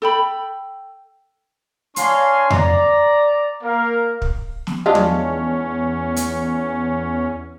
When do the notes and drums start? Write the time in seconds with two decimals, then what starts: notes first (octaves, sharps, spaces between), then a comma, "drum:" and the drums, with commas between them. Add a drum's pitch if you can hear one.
0.02 A4 G5 B5
1.96 D4 C#5 F5 G#5 A#5 C6, drum: hi-hat
2.50 D5 A#5, drum: tom F2
3.62 A#3 A#4 F5
4.22 drum: kick
4.67 drum: snare
4.86 E2 G#3 C#4 D4 F4
4.95 drum: tom
6.16 drum: hi-hat